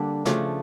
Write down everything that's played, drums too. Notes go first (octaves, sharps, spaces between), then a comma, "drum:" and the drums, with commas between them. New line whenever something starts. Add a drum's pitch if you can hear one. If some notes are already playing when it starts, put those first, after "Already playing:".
Already playing: D3 G3 A#3 D4
C#3 F3 A3 D4, drum: snare